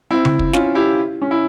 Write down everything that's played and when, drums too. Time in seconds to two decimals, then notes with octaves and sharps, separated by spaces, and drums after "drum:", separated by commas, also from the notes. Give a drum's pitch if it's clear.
0.10 C4 E4
0.25 drum: tom C#3
0.39 drum: kick
0.53 C#4 F4, drum: snare
0.75 E4 G4
1.22 C#4
1.31 E4